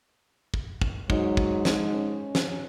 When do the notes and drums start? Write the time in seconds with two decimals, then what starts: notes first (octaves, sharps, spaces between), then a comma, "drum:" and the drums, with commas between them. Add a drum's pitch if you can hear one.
0.54 drum: kick
0.82 drum: kick
1.10 G#2 F#3, drum: kick
1.37 drum: kick
1.65 drum: snare
1.93 C#4
2.35 drum: snare